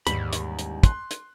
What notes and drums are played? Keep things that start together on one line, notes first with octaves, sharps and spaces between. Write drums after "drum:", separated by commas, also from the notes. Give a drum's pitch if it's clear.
D#2 G#2 C#3 E3 G3 B5, drum: hi-hat
drum: hi-hat
drum: hi-hat
C6 F#6, drum: kick, hi-hat
drum: hi-hat